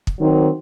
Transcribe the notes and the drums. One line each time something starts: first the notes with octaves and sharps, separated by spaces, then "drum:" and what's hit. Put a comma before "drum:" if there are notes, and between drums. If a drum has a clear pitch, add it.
drum: kick
D#3 F#3 C4 D#4